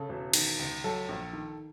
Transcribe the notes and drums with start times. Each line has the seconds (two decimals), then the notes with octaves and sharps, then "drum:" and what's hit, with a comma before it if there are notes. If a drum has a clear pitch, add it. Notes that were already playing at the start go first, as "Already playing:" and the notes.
Already playing: C#3 A4
0.09 E1
0.33 D#3, drum: cymbal
0.59 C#2
0.84 F#3 A4
1.09 A#1
1.33 D#3